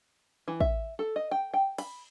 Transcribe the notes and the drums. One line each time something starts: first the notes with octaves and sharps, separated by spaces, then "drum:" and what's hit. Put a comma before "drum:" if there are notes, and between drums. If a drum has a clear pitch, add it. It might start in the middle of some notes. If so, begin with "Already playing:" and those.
E3
E5, drum: kick
A4
D#5
G5
G5
B5, drum: cymbal